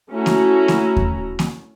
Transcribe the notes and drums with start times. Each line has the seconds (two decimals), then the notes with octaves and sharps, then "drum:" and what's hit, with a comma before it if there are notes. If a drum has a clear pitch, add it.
0.12 A3 C#4 E4 F#4 A#5
0.26 drum: snare A#3
0.68 drum: snare A#3
0.96 drum: kick D#2
1.39 drum: snare A#3